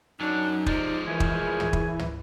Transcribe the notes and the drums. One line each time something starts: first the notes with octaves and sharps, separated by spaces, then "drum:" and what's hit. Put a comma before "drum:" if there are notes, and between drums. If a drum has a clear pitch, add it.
F#2 F#3 D4 D#4
C3 F3 G#3 D5, drum: kick
F#2 E3 A3 G#5
drum: kick
G#4
drum: tom
drum: kick
drum: tom